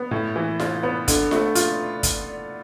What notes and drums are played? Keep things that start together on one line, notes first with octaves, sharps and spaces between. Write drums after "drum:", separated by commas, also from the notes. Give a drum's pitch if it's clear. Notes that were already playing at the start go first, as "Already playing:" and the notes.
Already playing: B3
A2
E3
F4, drum: snare F4
B3
D3, drum: kick, hi-hat
A3, drum: snare F4
F4, drum: hi-hat
drum: kick, hi-hat